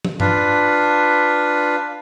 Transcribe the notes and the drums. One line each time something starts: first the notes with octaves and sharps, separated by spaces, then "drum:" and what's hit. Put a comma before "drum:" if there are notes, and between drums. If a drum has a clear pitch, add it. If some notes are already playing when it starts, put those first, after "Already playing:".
drum: tom
D4 F4 B4, drum: tom G2